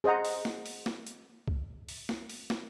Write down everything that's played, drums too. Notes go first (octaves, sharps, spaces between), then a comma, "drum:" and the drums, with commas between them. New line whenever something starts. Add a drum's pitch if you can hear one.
G#4 C5 D#5 F#5 A#5
drum: open hi-hat
drum: snare
drum: open hi-hat
drum: snare
drum: hi-hat
drum: kick C2
drum: open hi-hat
drum: snare
drum: open hi-hat
drum: snare